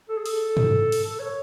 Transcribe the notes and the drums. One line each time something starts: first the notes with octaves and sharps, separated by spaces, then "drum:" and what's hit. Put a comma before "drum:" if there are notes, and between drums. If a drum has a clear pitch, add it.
A4
G#4
A4, drum: open hi-hat
drum: tom
drum: open hi-hat
A4
C#5